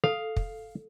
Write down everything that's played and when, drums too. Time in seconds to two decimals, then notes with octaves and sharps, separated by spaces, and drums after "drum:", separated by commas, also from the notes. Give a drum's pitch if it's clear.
0.04 A4 F5
0.36 drum: kick